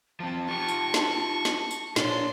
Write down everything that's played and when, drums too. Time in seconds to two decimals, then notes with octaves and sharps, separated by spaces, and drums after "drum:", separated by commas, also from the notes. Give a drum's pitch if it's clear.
0.20 F3 C4 A5
0.49 F4 G4 C#6
0.68 drum: tambourine
0.94 drum: snare
1.45 drum: snare
1.71 drum: tambourine
1.96 A#2 D4 C#5 C6, drum: snare